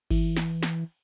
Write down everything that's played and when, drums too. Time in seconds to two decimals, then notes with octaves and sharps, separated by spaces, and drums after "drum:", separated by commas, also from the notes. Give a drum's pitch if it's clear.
0.11 E3, drum: kick G1, cymbal
0.37 drum: snare
0.63 drum: snare